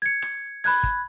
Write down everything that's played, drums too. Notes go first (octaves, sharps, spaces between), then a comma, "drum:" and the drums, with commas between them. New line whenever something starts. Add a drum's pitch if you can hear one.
G#6 C#7
drum: rim click
B5 F#6 G#6, drum: open hi-hat
drum: kick